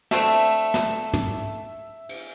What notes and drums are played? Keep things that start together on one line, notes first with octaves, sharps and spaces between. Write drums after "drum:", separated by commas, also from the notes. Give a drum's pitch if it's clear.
D3 A3 C4 E5, drum: snare
drum: snare
drum: tom
drum: cymbal